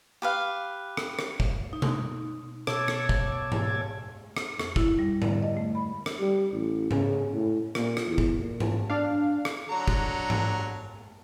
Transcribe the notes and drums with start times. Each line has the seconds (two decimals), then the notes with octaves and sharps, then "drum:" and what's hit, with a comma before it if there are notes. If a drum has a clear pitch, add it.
0.22 G4 B4 F5
0.97 drum: rim click
1.19 drum: rim click
1.40 drum: kick
1.73 D#4
1.82 drum: tom B2
2.67 B2 C#5 A5 D6 E6 G#6, drum: rim click
2.88 drum: rim click
3.09 drum: kick
3.52 drum: tom G#2
4.37 drum: rim click
4.60 F2, drum: rim click
4.76 E4, drum: kick
4.99 G3
5.22 D3, drum: tom G#2
5.42 D#5
5.57 A3
5.75 B5
6.06 drum: rim click
6.20 G3
6.52 A1
6.91 C#3, drum: tom G#2
7.33 A2
7.75 A#2, drum: rim click
7.97 drum: rim click
8.07 E2
8.18 drum: kick
8.38 A#2
8.60 drum: tom G#2
8.90 D4 F5
9.45 drum: rim click
9.70 D3 F#3 A#5
9.88 drum: kick
10.30 drum: tom G#2